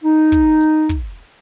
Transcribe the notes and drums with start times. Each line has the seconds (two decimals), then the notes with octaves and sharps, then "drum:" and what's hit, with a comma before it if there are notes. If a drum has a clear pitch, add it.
0.03 D#4
0.32 drum: kick, hi-hat
0.61 drum: hi-hat
0.89 drum: kick, hi-hat